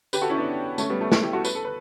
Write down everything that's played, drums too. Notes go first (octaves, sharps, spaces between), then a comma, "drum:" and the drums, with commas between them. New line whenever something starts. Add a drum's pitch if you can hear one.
G4 B4, drum: tambourine
F#4 A4
C#4 E4
B3 D4
A3 C#4, drum: tambourine
G3 B3
A3
A3, drum: snare
E4 G4
F#4 A4
B4, drum: tambourine
A4
B4